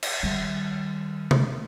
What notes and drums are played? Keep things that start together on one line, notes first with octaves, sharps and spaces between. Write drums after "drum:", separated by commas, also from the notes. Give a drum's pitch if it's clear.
drum: cymbal
D#3 G3
drum: tom C3